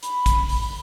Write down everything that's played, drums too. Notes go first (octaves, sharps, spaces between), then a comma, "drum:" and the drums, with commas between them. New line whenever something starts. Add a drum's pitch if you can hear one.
B5, drum: hi-hat
drum: kick, hi-hat
drum: open hi-hat